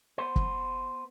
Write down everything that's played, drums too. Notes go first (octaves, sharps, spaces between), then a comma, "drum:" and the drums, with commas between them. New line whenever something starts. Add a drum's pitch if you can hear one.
B3 C5
drum: kick